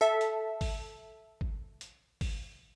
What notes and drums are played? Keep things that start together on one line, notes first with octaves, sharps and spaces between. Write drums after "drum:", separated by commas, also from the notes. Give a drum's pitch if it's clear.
A4 E5
drum: hi-hat
drum: kick, open hi-hat
drum: kick
drum: hi-hat
drum: kick, open hi-hat